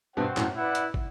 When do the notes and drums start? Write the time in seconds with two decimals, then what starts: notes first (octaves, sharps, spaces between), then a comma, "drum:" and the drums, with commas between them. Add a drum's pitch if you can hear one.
0.17 G2 B2 C4 F#4 C5 F#5
0.37 F#2 A2, drum: clap
0.56 E4 B4 D5 F#5
0.75 drum: hi-hat
0.94 drum: kick